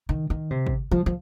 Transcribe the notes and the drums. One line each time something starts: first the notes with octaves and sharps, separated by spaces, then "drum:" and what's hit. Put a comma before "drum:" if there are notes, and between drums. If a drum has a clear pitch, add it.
D#3
D#3
C3
drum: kick
F3
F3